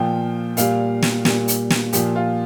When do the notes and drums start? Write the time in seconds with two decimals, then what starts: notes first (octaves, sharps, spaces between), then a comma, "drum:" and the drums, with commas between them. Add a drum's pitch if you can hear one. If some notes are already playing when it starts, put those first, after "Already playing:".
Already playing: A#2 F3 G5
0.57 A#2 G3 F5, drum: hi-hat
1.02 drum: snare
1.25 A#2 G3, drum: snare
1.48 drum: hi-hat
1.70 drum: snare
1.93 A#2 F3 G4, drum: hi-hat
2.16 F4